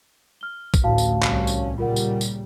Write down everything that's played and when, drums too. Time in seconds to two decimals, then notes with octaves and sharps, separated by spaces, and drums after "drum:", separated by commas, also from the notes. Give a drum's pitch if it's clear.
0.41 F6 G7
0.74 drum: kick, tambourine
0.84 A1 D2 F#4 F5 A5
0.98 drum: tambourine
1.23 C2 C#4, drum: clap
1.47 drum: tambourine
1.78 A#2 C#3 G3 F4 A#4 F#5
1.96 drum: tambourine
2.21 drum: tambourine